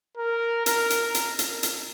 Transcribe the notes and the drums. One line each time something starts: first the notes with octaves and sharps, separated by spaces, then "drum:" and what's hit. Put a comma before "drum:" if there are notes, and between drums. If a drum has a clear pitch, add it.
A#4
A#4, drum: hi-hat
drum: hi-hat
drum: hi-hat
drum: hi-hat
drum: hi-hat